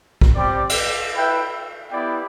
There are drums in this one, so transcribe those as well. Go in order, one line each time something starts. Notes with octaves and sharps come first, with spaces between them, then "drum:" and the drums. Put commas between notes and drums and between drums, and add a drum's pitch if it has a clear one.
drum: kick B1
G3 C4 G4 D5
drum: cymbal
E4 B4 E5 G5
B3 E4 G4 D5 G5